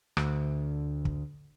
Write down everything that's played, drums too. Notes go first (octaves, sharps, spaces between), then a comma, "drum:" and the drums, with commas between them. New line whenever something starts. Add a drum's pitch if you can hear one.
D2, drum: rim click
drum: kick